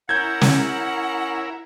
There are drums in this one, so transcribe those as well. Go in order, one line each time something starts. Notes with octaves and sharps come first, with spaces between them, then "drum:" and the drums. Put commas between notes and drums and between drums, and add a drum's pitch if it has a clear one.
C#4 E4 A#4 F#5 G6 G#6
drum: snare